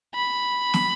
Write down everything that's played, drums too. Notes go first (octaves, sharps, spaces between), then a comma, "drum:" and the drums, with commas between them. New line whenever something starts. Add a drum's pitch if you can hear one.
B5
drum: snare